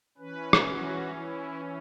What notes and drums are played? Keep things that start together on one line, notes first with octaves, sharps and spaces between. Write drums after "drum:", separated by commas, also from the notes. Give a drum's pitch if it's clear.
E3 C#4 B4
drum: rim click
F#4
E4